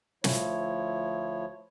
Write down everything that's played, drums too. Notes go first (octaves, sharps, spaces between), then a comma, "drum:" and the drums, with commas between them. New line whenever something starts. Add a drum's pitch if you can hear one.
D2 F3 E4 C#5, drum: snare